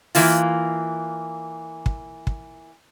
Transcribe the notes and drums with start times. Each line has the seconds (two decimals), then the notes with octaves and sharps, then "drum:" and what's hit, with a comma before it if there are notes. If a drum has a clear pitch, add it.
0.15 E3 A#3 F4, drum: open hi-hat
1.86 drum: kick
2.27 drum: kick